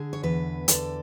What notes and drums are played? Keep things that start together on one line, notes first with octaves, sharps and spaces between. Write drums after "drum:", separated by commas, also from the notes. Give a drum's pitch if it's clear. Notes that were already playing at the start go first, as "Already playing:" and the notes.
Already playing: D3 G#4
C#5
E2 B4
D3 A4, drum: hi-hat